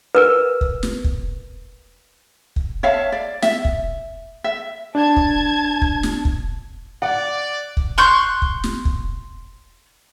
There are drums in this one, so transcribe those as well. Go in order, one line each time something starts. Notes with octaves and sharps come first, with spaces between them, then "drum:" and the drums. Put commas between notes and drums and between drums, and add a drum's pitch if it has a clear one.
A#4 B4
drum: kick
drum: snare
drum: kick
drum: kick
C#5 E5 F5 A5
D5
E5, drum: snare
drum: kick
E5
D4 A5 G#6
drum: kick
drum: kick
drum: snare
drum: kick
D5 F#5
drum: kick
C6 C#6 F#6 G6
drum: kick
drum: snare
drum: kick